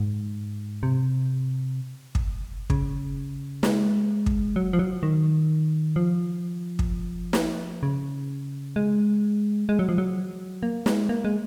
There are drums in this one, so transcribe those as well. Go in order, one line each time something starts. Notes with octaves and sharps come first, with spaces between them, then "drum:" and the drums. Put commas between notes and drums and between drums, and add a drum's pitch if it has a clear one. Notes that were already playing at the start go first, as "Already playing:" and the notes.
Already playing: G#2
C3
drum: kick
C#3, drum: kick
G#3, drum: snare
drum: kick
F#3
F3
F#3
D#3
F3
drum: kick
drum: snare
C#3
G#3
G#3
F#3
F3
F#3
A#3
G#3, drum: snare
A#3
G#3